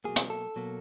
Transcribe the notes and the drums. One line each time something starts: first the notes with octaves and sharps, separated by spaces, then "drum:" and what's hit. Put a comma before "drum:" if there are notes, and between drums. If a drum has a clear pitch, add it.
B2 F#3 A#3 G#4
drum: hi-hat
A4
B2 F#3 A#3